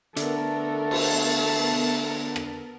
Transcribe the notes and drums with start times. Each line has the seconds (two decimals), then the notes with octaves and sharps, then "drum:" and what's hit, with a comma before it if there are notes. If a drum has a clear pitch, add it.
0.16 D3 A3 B3 A4 A#4, drum: hi-hat
0.91 drum: cymbal
2.36 drum: rim click